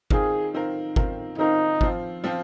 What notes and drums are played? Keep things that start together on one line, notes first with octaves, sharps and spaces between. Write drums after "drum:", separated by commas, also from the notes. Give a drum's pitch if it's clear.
D#3 C4 F4 G#4 A#4, drum: kick G1
D#3 C4 F4 A#4
D#3 C4 F4 A#4, drum: kick G1
D#3 C4 D#4 F4 A#4
F3 C4 F4, drum: kick G1
F3 C4 F4